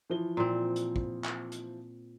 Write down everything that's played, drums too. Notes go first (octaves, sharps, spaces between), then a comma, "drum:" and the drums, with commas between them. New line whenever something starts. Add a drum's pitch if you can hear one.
E3 F3 G7
A#2 C4
drum: hi-hat
drum: kick
drum: clap
drum: hi-hat